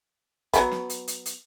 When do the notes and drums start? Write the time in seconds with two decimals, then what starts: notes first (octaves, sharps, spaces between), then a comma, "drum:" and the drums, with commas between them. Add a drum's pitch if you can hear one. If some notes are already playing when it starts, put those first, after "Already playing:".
0.54 F#3 A#3 B3, drum: kick, hi-hat
0.72 drum: snare
0.90 drum: hi-hat
1.08 drum: hi-hat
1.26 drum: hi-hat